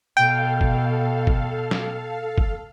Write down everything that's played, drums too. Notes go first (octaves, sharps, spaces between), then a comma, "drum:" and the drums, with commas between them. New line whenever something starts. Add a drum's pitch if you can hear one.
B2 A4 F5 G5
drum: kick
drum: kick
drum: snare
drum: kick